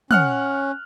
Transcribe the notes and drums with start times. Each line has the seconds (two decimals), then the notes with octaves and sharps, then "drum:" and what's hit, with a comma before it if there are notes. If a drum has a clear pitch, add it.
0.11 C#4 F#5 F6 F#6, drum: tom